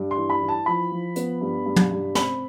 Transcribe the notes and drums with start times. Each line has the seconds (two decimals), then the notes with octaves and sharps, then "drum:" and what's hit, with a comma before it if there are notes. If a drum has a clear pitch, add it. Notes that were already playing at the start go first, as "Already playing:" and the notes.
Already playing: G2
0.11 C6
0.16 E3
0.30 B5
0.42 E3
0.48 A5
0.66 F3 B5
0.91 F3
1.16 B3, drum: hi-hat
1.41 G2
1.66 G2
1.76 drum: tom
1.91 G2
2.15 C4 B5, drum: snare